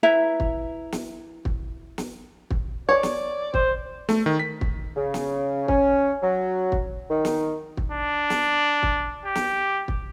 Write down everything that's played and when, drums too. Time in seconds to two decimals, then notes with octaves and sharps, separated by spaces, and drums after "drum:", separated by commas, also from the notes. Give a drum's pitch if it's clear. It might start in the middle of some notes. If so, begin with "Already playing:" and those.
0.03 E4 B4 E5 A#5
0.40 drum: kick
0.92 drum: snare
1.45 drum: kick
1.98 drum: snare
2.50 drum: kick
2.89 C#5 D5
3.03 drum: snare
3.54 C5, drum: kick
4.09 A3, drum: snare
4.26 D#3
4.39 B6
4.61 drum: kick
4.96 C#3
5.14 drum: snare
5.68 C#4, drum: kick
6.23 F#3
6.72 drum: kick
7.10 D#3
7.25 drum: snare
7.77 drum: kick
7.92 D4
8.30 drum: snare
8.83 drum: kick
9.25 G4
9.35 drum: snare
9.88 drum: kick